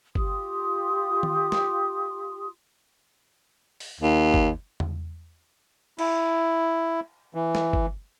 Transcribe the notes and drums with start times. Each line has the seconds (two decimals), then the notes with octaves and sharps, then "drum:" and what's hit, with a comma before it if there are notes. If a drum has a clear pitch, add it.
0.15 F4 G4 C6 D#6, drum: kick G1
1.23 drum: tom D#3
1.52 drum: snare
3.80 drum: open hi-hat
4.01 D#2
4.34 drum: kick G1
4.80 drum: tom E2
5.99 E4, drum: cymbal
7.34 E3
7.55 drum: snare
7.73 drum: kick G1